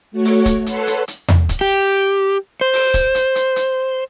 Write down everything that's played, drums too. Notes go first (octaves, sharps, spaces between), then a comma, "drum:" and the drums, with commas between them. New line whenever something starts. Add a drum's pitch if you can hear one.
A3 F#4 C#5
drum: open hi-hat
drum: kick, hi-hat
A4 B4 C#5 F#5 A5 C6, drum: hi-hat
drum: hi-hat
drum: hi-hat
drum: tom E2
drum: kick, hi-hat
G4
C5
drum: open hi-hat
drum: kick, hi-hat
drum: hi-hat
drum: hi-hat
drum: hi-hat